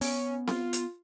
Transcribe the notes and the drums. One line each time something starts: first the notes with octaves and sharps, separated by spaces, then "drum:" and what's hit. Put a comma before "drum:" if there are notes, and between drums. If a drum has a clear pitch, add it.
B3 C#4, drum: open hi-hat
F4, drum: snare C4
drum: hi-hat